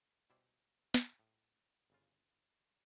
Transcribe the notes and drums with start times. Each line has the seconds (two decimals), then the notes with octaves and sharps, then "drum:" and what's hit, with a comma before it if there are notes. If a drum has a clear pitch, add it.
0.30 B2 G3 E4 C5 D5
0.94 drum: snare
1.19 A2
1.90 G1 C#3 F4